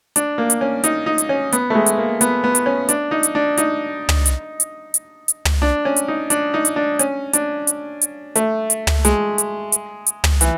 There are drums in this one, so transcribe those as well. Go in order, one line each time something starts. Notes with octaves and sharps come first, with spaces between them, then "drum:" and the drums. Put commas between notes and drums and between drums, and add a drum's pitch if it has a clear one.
D4, drum: hi-hat
A#3
drum: hi-hat
C#4
D#4, drum: hi-hat
D#4
drum: hi-hat
C#4
B3, drum: hi-hat
A3
G#3
drum: hi-hat
A#3
B3, drum: hi-hat
B3
drum: hi-hat
C#4
D4, drum: hi-hat
D#4
drum: hi-hat
D4
D#4, drum: hi-hat
drum: tom
drum: hi-hat
drum: hi-hat
drum: hi-hat
drum: hi-hat
drum: tom
D4
C#4
drum: hi-hat
D#4
D4, drum: hi-hat
D#4
drum: hi-hat
D4
C#4, drum: hi-hat
D4, drum: hi-hat
drum: hi-hat
drum: hi-hat
A3, drum: hi-hat
drum: hi-hat
drum: tom
G#3, drum: hi-hat
drum: hi-hat
drum: hi-hat
drum: hi-hat
drum: tom
E3, drum: hi-hat